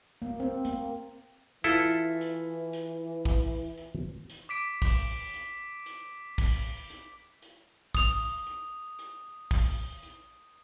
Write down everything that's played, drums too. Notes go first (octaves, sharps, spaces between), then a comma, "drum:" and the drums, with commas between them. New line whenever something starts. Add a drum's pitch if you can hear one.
A#3
C4
A#3, drum: hi-hat
E3 E4 F4 A4
drum: hi-hat
drum: hi-hat
drum: kick, open hi-hat
drum: hi-hat
drum: hi-hat
D6 B6 D7
drum: kick, open hi-hat
drum: hi-hat
drum: hi-hat
drum: kick, open hi-hat
drum: hi-hat
drum: hi-hat
D#6 F7, drum: kick, open hi-hat
drum: hi-hat
drum: hi-hat
drum: kick, open hi-hat
drum: hi-hat